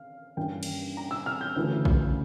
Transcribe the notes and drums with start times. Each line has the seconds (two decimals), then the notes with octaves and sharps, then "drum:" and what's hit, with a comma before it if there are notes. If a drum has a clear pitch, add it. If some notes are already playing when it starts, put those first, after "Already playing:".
Already playing: F5
0.37 G2 E3 G3 A#3 C#4 G5
0.63 drum: cymbal
0.97 A#5
1.11 E6
1.26 F6
1.41 G6
1.56 D2 C#3 E3 A3 C#4
1.85 drum: kick A#1